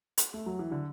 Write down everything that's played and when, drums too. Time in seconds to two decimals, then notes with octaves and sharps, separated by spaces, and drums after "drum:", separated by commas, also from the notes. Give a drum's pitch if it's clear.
0.18 drum: hi-hat
0.34 A3
0.46 F#3
0.59 E3
0.71 D3